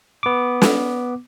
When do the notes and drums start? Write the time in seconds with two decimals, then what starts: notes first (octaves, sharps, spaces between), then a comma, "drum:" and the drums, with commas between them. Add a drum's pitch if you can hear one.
0.23 B3 D6
0.62 drum: snare